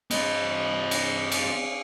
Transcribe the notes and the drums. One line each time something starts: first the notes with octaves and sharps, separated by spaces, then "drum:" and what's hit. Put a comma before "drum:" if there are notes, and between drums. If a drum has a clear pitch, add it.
C4 D#5, drum: cymbal
drum: cymbal
drum: cymbal